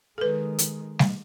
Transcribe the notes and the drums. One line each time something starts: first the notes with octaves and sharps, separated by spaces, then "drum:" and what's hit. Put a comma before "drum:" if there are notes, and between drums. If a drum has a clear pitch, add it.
D#3 G#3 A4 B4
drum: hi-hat
drum: snare G3